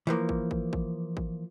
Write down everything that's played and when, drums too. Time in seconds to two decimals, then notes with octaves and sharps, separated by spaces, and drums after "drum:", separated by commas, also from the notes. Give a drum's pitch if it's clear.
0.07 E3 F3 A#3
0.29 drum: kick
0.51 drum: kick
0.73 drum: kick
1.17 drum: kick